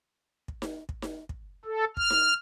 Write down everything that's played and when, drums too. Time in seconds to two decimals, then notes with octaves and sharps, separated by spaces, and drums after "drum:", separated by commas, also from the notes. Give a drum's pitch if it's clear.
0.48 drum: kick
0.62 drum: snare D#4
0.89 drum: kick
1.02 drum: snare D#4
1.29 drum: kick
1.65 A4
1.97 F6, drum: kick
2.10 drum: snare D#4